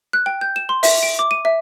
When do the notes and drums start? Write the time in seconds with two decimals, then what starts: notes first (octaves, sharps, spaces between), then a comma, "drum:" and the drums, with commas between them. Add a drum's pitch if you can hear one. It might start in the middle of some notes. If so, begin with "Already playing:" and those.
0.13 F#6
0.26 G5
0.41 G6
0.56 E7
0.69 C6
0.83 E5, drum: open hi-hat
1.03 D7
1.19 D6
1.31 D#7
1.45 E5